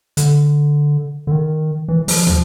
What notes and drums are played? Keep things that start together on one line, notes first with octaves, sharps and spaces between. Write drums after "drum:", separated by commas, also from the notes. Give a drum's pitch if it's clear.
D3, drum: hi-hat
D3
D#3
E3
F3, drum: open hi-hat
F3, drum: tom